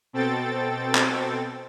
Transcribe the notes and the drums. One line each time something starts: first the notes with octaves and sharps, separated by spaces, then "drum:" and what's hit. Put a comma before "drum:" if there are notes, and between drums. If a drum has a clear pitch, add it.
B2 C4 A4 G5 A6
drum: clap